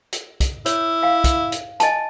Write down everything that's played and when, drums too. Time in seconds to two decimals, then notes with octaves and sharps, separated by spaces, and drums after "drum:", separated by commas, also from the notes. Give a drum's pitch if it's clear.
0.13 drum: hi-hat
0.40 drum: kick, hi-hat
0.66 E4 C#5, drum: hi-hat
1.03 F5 G5
1.24 drum: kick, hi-hat
1.52 drum: hi-hat
1.80 D#5 G#5 A5, drum: hi-hat